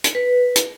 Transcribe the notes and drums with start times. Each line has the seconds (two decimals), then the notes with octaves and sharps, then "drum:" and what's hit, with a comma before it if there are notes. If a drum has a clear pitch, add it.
0.04 drum: hi-hat
0.15 B4
0.56 drum: hi-hat